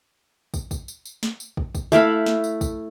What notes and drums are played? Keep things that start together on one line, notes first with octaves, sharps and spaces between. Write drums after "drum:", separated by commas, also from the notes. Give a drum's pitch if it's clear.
drum: kick, tambourine
drum: kick, tambourine
drum: tambourine
drum: tambourine
drum: snare
drum: tambourine
drum: kick
drum: kick, tambourine
A3 E4 F5 B5, drum: tambourine
drum: snare
drum: tambourine
drum: kick, tambourine